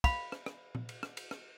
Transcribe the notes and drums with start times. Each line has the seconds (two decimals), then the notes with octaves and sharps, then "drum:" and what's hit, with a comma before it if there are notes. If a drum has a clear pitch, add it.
0.04 F5 B5, drum: kick, cymbal
0.32 drum: rim click
0.46 drum: rim click
0.75 drum: tom A#2
0.89 drum: cymbal
1.03 drum: rim click
1.17 drum: cymbal
1.31 drum: rim click